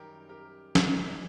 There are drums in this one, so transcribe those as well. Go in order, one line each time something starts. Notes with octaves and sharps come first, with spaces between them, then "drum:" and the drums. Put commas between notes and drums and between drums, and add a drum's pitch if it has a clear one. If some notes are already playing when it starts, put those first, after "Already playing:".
Already playing: F#2 D#3 G3 G4 A#4
G4 A#4
F#2 D#3 G3 D4, drum: snare
D4